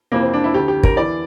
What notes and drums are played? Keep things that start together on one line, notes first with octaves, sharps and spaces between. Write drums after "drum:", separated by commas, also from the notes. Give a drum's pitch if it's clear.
F2 C3 E3 A#3
C4
D4
E4
D2 D3 G4
G4
A#4, drum: kick
E2 E3 D5